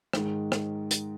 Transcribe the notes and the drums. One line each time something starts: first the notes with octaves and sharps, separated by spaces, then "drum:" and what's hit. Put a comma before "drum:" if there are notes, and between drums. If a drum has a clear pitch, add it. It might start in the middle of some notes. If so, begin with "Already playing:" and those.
G#2 D#3 G#3, drum: rim click
drum: rim click
drum: hi-hat